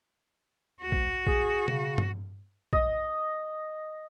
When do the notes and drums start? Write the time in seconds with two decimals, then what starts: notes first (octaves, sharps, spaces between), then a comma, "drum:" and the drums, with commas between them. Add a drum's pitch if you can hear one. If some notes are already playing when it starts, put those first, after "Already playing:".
0.82 D2 F#4
0.92 drum: kick
1.27 G#4, drum: kick
1.68 C#3, drum: tom B2
1.98 drum: tom G2
2.73 D#5, drum: kick